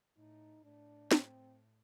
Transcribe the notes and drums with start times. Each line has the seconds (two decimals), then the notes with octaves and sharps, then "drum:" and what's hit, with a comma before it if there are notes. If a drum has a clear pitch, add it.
0.17 A2 D#4
0.64 A2 D4
1.11 C4, drum: snare